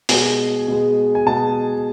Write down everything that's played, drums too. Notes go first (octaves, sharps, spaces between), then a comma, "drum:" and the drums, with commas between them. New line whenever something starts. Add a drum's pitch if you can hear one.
B2 G#3 G#5, drum: open hi-hat
B2 G#3
G#5
B2 G#3 A5